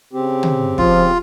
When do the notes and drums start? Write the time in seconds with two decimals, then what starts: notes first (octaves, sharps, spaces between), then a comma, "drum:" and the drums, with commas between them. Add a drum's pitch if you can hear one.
0.13 C#3 C4 G4
0.43 drum: tom
0.78 F3 F4, drum: kick